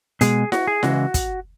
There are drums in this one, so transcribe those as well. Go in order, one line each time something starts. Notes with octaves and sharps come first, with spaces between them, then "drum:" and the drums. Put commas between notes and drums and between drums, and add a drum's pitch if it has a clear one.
B2 G#3 G#4, drum: hi-hat
F#4, drum: snare E4
G#4
C#3 E3 G#3 F#4, drum: snare E4
drum: kick, hi-hat